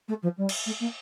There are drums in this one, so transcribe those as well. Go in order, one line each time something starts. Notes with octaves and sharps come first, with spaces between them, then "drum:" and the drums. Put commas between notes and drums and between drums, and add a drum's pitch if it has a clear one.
A3
F3
G3
drum: cymbal
A3
A#3